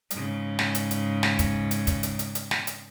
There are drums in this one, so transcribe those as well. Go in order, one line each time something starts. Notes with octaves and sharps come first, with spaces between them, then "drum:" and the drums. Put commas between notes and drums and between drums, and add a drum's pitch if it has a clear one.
G#2 C#3, drum: hi-hat
drum: snare
drum: hi-hat
drum: hi-hat
drum: snare
drum: kick, hi-hat
drum: hi-hat
drum: kick, hi-hat
drum: hi-hat
drum: hi-hat
drum: hi-hat
drum: snare
drum: hi-hat